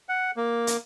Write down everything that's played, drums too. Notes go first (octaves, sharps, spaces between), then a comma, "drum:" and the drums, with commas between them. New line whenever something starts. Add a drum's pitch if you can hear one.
F#5
A#3
drum: hi-hat